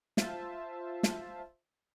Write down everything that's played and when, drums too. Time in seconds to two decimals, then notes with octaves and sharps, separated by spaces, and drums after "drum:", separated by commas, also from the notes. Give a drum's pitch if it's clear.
0.17 F4 C5 E5 A5, drum: snare
1.03 drum: snare